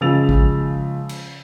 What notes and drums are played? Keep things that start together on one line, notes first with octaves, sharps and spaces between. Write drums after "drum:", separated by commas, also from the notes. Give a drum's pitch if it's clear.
C#3 F3 G#3 E6 A6 F7
drum: kick G#1
drum: cymbal